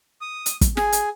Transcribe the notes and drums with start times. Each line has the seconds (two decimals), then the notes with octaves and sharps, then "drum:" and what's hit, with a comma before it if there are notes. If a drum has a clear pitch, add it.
0.21 D#6
0.46 drum: hi-hat
0.61 drum: kick, hi-hat
0.77 G#4, drum: snare
0.92 drum: hi-hat